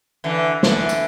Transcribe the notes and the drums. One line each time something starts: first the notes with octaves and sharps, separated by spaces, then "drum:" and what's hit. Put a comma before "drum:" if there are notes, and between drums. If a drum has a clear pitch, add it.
D3 E3
D3 E3, drum: snare
drum: tambourine